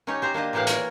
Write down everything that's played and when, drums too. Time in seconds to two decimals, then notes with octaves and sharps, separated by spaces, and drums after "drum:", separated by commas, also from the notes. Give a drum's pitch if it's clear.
0.07 C#4 D#4 G4 C#5
0.22 G4 C5 A#5
0.34 A#3 D4 G4 D#5
0.53 A2 E3 A#3 G4 F5 F#5
0.67 A#4 C#5, drum: hi-hat